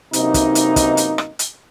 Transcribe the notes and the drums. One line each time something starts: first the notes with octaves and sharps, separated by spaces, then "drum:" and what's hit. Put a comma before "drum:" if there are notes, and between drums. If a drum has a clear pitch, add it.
F#2 C3 E3 A#3 D#4, drum: hi-hat
drum: kick, hi-hat
drum: hi-hat
drum: kick, hi-hat
drum: hi-hat
drum: rim click
drum: hi-hat